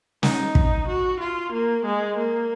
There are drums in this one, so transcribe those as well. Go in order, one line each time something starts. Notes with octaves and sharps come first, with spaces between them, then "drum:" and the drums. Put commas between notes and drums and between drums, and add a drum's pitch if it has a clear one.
D#4, drum: snare
drum: kick
F#4
F4
A#3
G#3
A#3